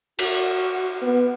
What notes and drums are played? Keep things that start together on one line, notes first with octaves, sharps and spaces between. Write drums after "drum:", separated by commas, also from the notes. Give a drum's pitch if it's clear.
F#4, drum: cymbal
B3